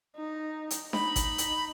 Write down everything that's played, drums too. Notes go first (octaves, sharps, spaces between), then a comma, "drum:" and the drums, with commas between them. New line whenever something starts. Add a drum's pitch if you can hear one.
D#4
drum: hi-hat
D#4 B5, drum: snare D4
drum: kick, hi-hat
drum: hi-hat